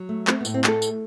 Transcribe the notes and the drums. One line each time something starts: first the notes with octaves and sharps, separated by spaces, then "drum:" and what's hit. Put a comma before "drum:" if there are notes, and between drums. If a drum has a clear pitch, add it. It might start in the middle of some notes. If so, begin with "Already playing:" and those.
Already playing: F#3
A3
A3 C4, drum: clap
B3
A2, drum: tambourine
C4
A3 A4, drum: clap
drum: tambourine